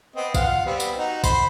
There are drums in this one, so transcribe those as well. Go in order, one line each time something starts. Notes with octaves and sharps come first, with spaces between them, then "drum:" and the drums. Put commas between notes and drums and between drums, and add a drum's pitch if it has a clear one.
B3 C4 D#5
F4 F5 F#5, drum: kick, tambourine
G3 B3 C4
drum: tambourine
D#4 F#4
C5 B5 C6, drum: kick, tambourine